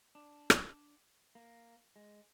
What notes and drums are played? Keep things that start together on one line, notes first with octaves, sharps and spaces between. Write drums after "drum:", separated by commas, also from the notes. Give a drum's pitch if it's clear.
D4
drum: rim click
A#3
G#3